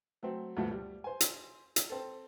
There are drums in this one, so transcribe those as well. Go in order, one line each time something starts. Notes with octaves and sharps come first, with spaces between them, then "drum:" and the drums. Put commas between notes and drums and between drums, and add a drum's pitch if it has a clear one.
F#3 A3 C4
D2 G2 B2 F3 A3
G3
C5 G#5
drum: hi-hat
drum: hi-hat
C4 A4